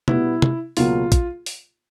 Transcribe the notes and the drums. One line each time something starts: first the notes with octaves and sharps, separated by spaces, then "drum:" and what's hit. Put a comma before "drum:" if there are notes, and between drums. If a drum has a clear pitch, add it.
B2 G3 B3 E4, drum: tom C3
drum: tom C3
C#2 B2 F#3 A#3 F4, drum: open hi-hat
drum: kick, hi-hat
drum: open hi-hat